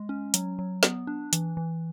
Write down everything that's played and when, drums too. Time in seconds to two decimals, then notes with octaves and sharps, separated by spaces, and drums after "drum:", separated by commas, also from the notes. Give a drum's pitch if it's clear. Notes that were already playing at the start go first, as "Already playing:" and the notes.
Already playing: G#3
0.09 C#4
0.34 F#3, drum: hi-hat
0.59 F#3
0.83 B3, drum: snare
1.07 D4
1.33 E3, drum: hi-hat
1.57 E3